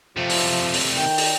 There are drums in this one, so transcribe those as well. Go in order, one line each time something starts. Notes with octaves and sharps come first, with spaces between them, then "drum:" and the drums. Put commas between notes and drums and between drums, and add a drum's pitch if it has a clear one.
C3 F3 A3
drum: open hi-hat
drum: open hi-hat
D#3 G5
drum: open hi-hat